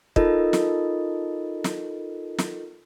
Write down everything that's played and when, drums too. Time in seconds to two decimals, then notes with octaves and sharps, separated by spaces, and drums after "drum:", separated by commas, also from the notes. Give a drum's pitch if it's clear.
0.16 D#4 F4 A4 A#4 D#5, drum: kick
0.53 drum: snare
1.64 drum: snare
2.39 drum: snare